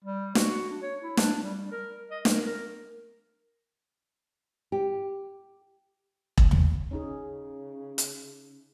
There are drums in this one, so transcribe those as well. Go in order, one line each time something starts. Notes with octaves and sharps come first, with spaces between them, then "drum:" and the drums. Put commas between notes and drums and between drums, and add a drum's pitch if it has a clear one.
G3
F#4, drum: snare
D4
C#5
E4
D4, drum: snare
G3
A#4
D#5
A#4, drum: snare
A#4
G4
drum: kick E1
drum: tom
C#3 C#4 D#4 G#4
drum: hi-hat